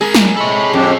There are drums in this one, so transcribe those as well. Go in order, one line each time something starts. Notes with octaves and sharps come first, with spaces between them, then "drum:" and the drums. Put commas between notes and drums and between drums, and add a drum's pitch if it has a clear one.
G#3 G#4 A#4
drum: snare
C3 G#3 A4 C#5 B5
F2 G#3 D4 G4